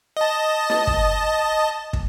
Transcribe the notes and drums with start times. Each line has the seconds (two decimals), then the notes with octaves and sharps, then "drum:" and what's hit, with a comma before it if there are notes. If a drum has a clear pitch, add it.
0.17 D#5 A5
0.70 drum: snare
0.87 drum: kick
1.93 drum: kick